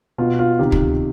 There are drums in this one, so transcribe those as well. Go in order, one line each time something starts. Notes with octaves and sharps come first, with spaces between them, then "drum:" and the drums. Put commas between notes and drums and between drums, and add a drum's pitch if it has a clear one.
B2 F4
F4
C3 D#3 G4
drum: kick